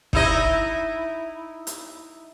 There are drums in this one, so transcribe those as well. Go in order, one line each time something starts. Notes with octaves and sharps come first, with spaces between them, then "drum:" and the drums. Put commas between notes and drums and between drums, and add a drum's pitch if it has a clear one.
D#4 E4 D#5, drum: kick
drum: hi-hat